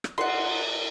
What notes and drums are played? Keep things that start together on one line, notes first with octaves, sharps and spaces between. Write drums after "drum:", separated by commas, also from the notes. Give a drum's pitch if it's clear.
drum: rim click
F#5 C6, drum: cymbal